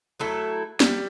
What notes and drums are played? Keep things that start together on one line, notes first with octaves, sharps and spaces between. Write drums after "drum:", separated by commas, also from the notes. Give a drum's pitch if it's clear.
F#3 A3 E4 A4
G3, drum: snare